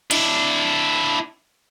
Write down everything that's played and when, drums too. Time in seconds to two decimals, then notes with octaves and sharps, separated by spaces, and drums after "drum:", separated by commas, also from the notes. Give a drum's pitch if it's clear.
0.11 D4 E4, drum: cymbal